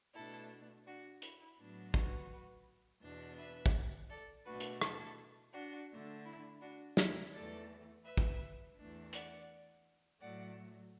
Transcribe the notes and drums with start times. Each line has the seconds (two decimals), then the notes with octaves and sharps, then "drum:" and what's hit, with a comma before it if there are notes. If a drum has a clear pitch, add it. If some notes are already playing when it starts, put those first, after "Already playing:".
0.14 B2 A3 D4 E4 A4
0.86 D4 F#4
1.22 E4, drum: hi-hat
1.59 A2 F#3 B3 D4
1.94 F#4 B4, drum: kick
3.01 E2 B2 B3 D4
3.38 B4 E5
3.66 drum: kick
4.10 A4 D5
4.45 B2 A3 D4 F#4 B4
4.60 drum: hi-hat
4.82 E4 A4, drum: rim click
5.53 D4 F#4
5.90 D3 A3 D4
6.26 E4
6.61 D4 F#4
6.97 E4 A4, drum: snare
7.33 E2 E3 A3 A4 D5
8.05 B4 E5
8.17 drum: kick
8.77 E2 E3 A3 D4
9.13 D5 F#5, drum: hi-hat
10.21 A2 F#3 A3 D5 F#5